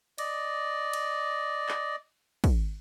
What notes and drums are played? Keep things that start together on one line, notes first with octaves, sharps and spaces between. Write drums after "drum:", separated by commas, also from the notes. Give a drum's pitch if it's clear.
D5 D#5, drum: cymbal
drum: cymbal
drum: clap
drum: kick, cymbal